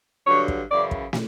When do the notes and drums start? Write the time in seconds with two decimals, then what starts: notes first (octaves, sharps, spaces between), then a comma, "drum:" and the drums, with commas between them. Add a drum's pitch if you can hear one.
0.27 G2 D3 F#3 C#5
0.48 drum: kick
0.70 F#2 C#3 E3 D5
0.91 drum: kick
1.13 drum: snare